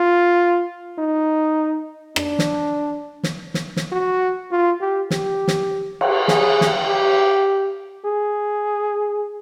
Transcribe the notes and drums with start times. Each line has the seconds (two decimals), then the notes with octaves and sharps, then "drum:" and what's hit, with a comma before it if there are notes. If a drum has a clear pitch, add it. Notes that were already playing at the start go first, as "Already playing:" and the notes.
Already playing: F4
0.99 D#4
2.16 D4, drum: rim click
2.39 drum: snare
3.23 drum: snare
3.54 drum: snare
3.76 drum: snare
3.92 F#4
4.52 F4
4.81 G4
5.10 G4, drum: snare
5.48 drum: snare
6.01 drum: cymbal
6.28 G#4, drum: snare
6.61 drum: snare
6.87 G4
8.05 G#4